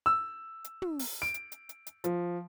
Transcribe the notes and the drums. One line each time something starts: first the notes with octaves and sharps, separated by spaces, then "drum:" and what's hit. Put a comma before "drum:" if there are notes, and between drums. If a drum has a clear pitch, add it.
E6
drum: hi-hat
drum: tom
drum: open hi-hat
D7
drum: hi-hat
drum: hi-hat
drum: hi-hat
drum: hi-hat
F3, drum: hi-hat